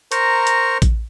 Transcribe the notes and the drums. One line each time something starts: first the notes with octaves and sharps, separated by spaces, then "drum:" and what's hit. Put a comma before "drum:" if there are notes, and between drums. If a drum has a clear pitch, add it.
A#4 C5 A#5 C#6, drum: hi-hat
drum: hi-hat
drum: kick A1, hi-hat